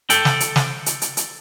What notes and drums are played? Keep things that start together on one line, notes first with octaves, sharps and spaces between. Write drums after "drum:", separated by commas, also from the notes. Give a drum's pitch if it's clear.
A4 G5, drum: hi-hat
drum: snare
drum: hi-hat
drum: snare
drum: hi-hat
drum: hi-hat
drum: hi-hat